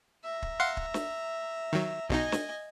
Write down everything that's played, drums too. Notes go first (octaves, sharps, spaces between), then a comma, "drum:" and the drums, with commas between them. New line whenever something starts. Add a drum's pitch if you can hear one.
E5 A#5
drum: kick
F5 F#5 C6
drum: kick
drum: snare
D#3 F#3
B1 B2 D#4 D#5 G#5
drum: snare